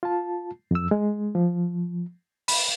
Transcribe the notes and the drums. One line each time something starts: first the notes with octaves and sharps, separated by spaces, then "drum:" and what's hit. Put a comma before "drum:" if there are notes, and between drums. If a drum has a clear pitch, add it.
F4 A5
F2 E6
G#3
F3
B5, drum: open hi-hat